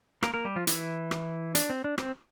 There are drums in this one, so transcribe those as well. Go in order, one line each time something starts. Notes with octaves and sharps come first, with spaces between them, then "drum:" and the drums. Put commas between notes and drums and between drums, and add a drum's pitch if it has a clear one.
A#3 A#4, drum: rim click
A#3 A#4
G3 G4
F3 F4
E3 E4, drum: hi-hat
drum: rim click
D4, drum: hi-hat
C4
D4
C4, drum: rim click